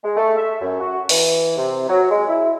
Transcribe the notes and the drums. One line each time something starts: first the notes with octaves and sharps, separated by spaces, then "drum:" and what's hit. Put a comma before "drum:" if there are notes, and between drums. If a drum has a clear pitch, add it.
G#3
A3
E5
F#2
F#4
E3, drum: open hi-hat
C3
F#3
G#3
E4